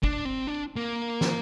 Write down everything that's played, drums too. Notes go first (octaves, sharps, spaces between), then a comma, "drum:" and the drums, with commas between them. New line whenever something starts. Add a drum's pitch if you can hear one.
D4, drum: kick
C4
D4
A#3
drum: snare